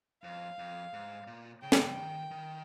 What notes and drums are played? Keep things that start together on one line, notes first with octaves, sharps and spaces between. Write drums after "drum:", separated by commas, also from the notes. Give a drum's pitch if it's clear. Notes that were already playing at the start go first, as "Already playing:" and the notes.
F2 F5
F2
G#2
A#2
C#3 G5
D#3, drum: snare
C#3
D#3
D#3